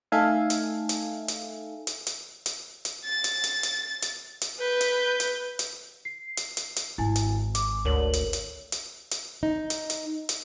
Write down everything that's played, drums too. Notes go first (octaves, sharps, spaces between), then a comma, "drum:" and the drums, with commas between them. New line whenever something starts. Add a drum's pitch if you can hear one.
A3 D#4 A4 E5 F5 G#5
drum: hi-hat
drum: hi-hat
drum: hi-hat
drum: hi-hat
drum: hi-hat
drum: hi-hat
drum: hi-hat
A6
drum: hi-hat
drum: hi-hat
drum: hi-hat
drum: hi-hat
drum: hi-hat
B4 G6
drum: hi-hat
drum: hi-hat
drum: hi-hat
C7
drum: hi-hat
drum: hi-hat
drum: hi-hat
G#1 E4 G#5
drum: hi-hat
D6, drum: hi-hat
D2 A#4 C#5 F#7
drum: hi-hat
drum: hi-hat
drum: hi-hat
drum: hi-hat
D#4
drum: hi-hat
drum: hi-hat
drum: hi-hat